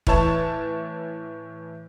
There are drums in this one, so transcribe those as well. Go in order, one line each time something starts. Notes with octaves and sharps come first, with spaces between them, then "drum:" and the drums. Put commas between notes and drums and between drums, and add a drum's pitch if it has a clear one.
A2 E3 C#5 A5, drum: kick